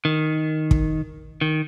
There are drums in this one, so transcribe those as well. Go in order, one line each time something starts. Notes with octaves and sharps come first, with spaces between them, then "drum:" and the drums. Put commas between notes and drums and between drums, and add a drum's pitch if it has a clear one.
D#3
drum: kick
D#3